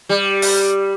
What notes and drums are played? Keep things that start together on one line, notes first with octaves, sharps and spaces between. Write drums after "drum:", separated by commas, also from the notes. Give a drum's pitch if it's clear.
G3
drum: open hi-hat